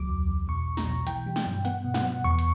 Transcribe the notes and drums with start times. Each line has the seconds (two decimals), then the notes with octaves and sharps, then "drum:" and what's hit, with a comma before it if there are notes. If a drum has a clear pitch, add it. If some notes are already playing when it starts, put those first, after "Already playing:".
Already playing: C#2 F#3 D6
0.09 E2
0.29 E2
0.48 B2 C#6
0.67 B1
0.77 A#5, drum: snare
0.87 B2
1.07 E3 G5, drum: hi-hat
1.26 G3
1.36 G5, drum: snare
1.46 G2
1.65 B3 F#5, drum: hi-hat
1.85 B2
1.94 F#5, drum: snare
2.04 B3
2.24 E2 C#6
2.39 drum: hi-hat